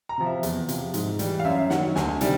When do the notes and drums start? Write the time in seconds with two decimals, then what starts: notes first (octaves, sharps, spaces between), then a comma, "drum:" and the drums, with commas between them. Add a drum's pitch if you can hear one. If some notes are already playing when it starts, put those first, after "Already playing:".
0.09 A#5
0.18 C3 F3
0.26 E5
0.43 E2, drum: hi-hat
0.69 C3 F3, drum: hi-hat
0.94 G#2, drum: hi-hat
1.19 E3 G3, drum: hi-hat
1.40 F5
1.45 F#2 E5
1.70 D#3 F#3 F#5, drum: snare
1.96 D2 G#5, drum: snare
2.21 C3 D#3 G3, drum: hi-hat